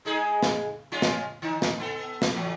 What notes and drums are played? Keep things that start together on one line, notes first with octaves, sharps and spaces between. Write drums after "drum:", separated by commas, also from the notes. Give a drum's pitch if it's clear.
G#3 D#4 G#4
drum: snare
G#3 C#4 F4
drum: snare
D#3 D#4
drum: snare
B3 A4
drum: snare
E3 F#3 A3